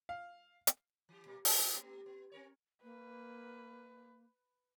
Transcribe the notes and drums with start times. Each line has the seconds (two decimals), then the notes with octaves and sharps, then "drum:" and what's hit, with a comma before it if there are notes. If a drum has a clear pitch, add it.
0.09 F5
0.67 drum: hi-hat
1.09 E3 G4
1.25 A#2 G3 A#3
1.45 C#5, drum: open hi-hat
1.74 A3 B3 G4
2.06 B3
2.32 C4 A#4 C#5
2.83 A#3 B4